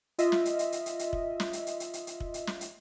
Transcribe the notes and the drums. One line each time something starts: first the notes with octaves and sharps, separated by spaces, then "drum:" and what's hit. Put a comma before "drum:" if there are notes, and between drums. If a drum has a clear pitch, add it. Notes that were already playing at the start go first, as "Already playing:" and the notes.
F4 D#5 E5, drum: hi-hat
drum: snare
drum: hi-hat
drum: hi-hat
drum: hi-hat
drum: hi-hat
drum: hi-hat
drum: kick
drum: snare
drum: hi-hat
drum: hi-hat
drum: hi-hat
drum: hi-hat
drum: hi-hat
drum: kick
drum: hi-hat
drum: snare
drum: hi-hat